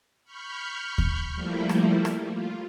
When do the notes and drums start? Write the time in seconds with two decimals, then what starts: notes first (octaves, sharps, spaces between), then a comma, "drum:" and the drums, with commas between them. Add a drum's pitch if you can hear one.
0.24 B5 C#6 F6 G6
0.98 drum: kick D#2
1.34 F3 G3 A3 A#3 E4
1.69 drum: rim click
2.05 drum: rim click
2.27 F4